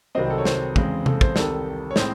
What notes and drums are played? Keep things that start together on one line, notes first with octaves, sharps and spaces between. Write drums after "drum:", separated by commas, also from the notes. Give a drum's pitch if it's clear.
C2 C3 D#3 F#3 C4 C5 D#5
A4
C#5
C5, drum: snare
E2 C#3 G#3 C4, drum: kick
A4, drum: tom C3
C5, drum: kick
C2 C3 D#3 A4, drum: snare
C#5
A2 G#3 C4 C5, drum: snare